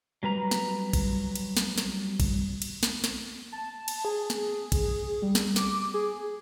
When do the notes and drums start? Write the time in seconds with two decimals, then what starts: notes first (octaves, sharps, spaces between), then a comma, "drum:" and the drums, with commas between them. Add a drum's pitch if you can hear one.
0.23 F#3 G3 B4 A#5
0.51 drum: snare
0.93 drum: kick A1, cymbal
1.36 drum: cymbal
1.57 drum: snare
1.78 drum: snare
2.20 drum: kick A1, cymbal
2.62 drum: cymbal
2.83 drum: snare
3.04 drum: snare
3.52 A5
3.88 drum: cymbal
4.05 G#4
4.30 drum: snare
4.72 drum: kick A1, cymbal
5.22 G3
5.35 drum: snare
5.56 D6, drum: snare
5.94 G#4